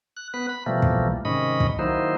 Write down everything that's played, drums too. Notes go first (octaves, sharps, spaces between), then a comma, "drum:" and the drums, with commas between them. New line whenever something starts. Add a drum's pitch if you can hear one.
F#6
B3 B4 F#6
B5
B2 E3 F3 G3 A3 A#3
drum: kick
G#2 C3 D#3 C#4 D#5 B5
drum: kick
D#3 F#3 A#3 D#4 E4 C5